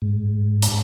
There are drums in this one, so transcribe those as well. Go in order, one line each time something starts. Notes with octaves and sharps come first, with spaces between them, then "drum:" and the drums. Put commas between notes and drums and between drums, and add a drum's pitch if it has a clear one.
G#2
drum: hi-hat